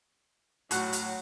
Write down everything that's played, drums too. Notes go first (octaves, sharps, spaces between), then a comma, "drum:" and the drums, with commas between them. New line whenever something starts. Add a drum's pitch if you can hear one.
A2 F#3 F#4 F#6, drum: hi-hat
drum: hi-hat